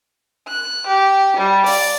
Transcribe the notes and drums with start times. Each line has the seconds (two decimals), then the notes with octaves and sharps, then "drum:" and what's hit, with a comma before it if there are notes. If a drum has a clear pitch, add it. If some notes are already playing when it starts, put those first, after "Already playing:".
0.48 F#6
0.88 G4
1.37 G3
1.66 D5, drum: open hi-hat